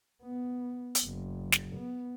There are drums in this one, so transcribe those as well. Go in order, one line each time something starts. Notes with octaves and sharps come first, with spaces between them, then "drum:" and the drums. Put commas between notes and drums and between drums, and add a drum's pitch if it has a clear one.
B3
drum: hi-hat
F#1
drum: snare
B3